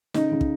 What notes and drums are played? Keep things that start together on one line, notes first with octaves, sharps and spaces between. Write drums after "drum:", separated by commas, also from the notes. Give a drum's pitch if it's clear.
C#3 D#4, drum: snare
C#3
drum: kick